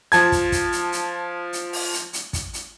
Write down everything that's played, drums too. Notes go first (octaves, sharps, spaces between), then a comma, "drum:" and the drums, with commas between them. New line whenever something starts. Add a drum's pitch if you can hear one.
F3 A5 G#6, drum: hi-hat
drum: kick, hi-hat
drum: kick, hi-hat
drum: hi-hat
drum: hi-hat
drum: hi-hat
drum: open hi-hat
drum: hi-hat
drum: hi-hat
drum: kick, hi-hat
drum: hi-hat